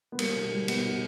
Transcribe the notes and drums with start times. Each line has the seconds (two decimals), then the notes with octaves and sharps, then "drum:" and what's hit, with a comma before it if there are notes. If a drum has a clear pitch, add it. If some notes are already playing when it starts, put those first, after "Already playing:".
0.12 B3
0.19 G3 A#3, drum: cymbal
0.36 B2
0.52 G3
0.68 B2 B3, drum: cymbal
0.85 B2